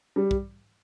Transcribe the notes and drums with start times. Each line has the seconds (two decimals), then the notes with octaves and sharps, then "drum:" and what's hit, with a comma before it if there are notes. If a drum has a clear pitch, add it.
0.16 G3
0.31 drum: kick B1